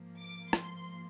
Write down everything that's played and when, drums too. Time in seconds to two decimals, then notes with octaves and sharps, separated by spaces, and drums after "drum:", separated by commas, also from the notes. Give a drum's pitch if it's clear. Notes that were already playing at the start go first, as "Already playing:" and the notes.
Already playing: G#2 F3 A#3
0.19 D6
0.53 C6, drum: rim click